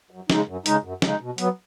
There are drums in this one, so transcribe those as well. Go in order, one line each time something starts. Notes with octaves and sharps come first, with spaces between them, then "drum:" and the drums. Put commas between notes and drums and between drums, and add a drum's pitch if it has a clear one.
F#2
C#3 G#3 D#4, drum: snare
F#2
C#3 G#3 D#4, drum: hi-hat
F#2
C#3 G#3 D#4, drum: snare
B2
F#3 B3, drum: hi-hat